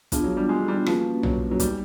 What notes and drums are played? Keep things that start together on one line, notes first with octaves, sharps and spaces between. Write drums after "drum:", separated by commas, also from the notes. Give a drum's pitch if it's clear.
F3 B3 D4 F4 G#4, drum: kick, hi-hat
F#3
G3
G#3
G3
F3 A#3 C#4 F#4 B4, drum: rim click
F#3, drum: tom B1
F#3
G3 B3 D#4 F#4, drum: kick, hi-hat